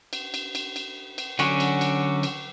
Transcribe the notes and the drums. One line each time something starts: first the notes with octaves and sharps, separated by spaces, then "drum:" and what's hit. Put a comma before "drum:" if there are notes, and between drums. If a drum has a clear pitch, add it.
drum: cymbal
drum: cymbal
drum: cymbal
drum: cymbal
drum: cymbal
D3 F#3 C#4 F#4, drum: cymbal
drum: cymbal
drum: cymbal
drum: cymbal